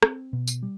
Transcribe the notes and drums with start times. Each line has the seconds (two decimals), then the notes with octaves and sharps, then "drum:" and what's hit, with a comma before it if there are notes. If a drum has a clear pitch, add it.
0.03 C4, drum: rim click
0.33 B2
0.47 drum: tambourine
0.63 G3